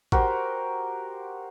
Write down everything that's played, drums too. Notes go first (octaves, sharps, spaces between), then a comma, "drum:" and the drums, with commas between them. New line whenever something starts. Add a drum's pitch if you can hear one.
F#4 G4 A#4 C5, drum: kick